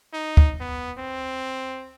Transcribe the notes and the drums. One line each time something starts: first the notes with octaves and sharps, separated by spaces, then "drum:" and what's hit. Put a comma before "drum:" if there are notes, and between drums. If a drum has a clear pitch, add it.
D#4
drum: kick D2
B3
C4